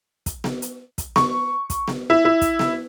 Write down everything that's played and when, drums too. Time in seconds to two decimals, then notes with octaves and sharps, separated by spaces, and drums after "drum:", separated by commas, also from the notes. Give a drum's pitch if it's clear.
0.26 drum: kick, hi-hat
0.44 drum: snare B3
0.62 drum: hi-hat
0.98 drum: kick, hi-hat
1.16 C#6, drum: snare B3
1.70 drum: kick, hi-hat
1.88 drum: snare B3
2.10 E4
2.25 E4
2.41 drum: kick, hi-hat
2.59 drum: snare B3